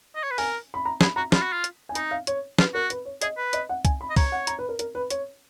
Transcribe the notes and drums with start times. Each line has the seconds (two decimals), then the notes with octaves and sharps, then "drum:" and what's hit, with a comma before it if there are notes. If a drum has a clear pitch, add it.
0.15 D#5
0.23 C#5
0.31 B4
0.38 A#4 G#5, drum: open hi-hat
0.74 B5
0.85 A#5
1.01 G#4 B5, drum: snare
1.16 F#4 A#5
1.32 F4 B5, drum: snare
1.42 F#4
1.52 F4
1.64 drum: hi-hat
1.89 G#5
1.95 D#4 A#5, drum: hi-hat
2.11 F5
2.27 C#5, drum: hi-hat
2.58 F4 B4, drum: snare
2.74 F#4 A#4
2.90 B4, drum: hi-hat
3.05 C#5
3.21 G#4 D#5, drum: hi-hat
3.37 B4
3.53 D#5, drum: hi-hat
3.69 F#5
3.85 G#5, drum: kick C2, hi-hat
4.01 B5
4.10 D#5
4.16 C#5 A#5, drum: kick C2, open hi-hat
4.32 F#5
4.47 A#5, drum: hi-hat
4.59 B4
4.69 A#4
4.79 A#4, drum: hi-hat
4.95 B4
5.10 C#5, drum: hi-hat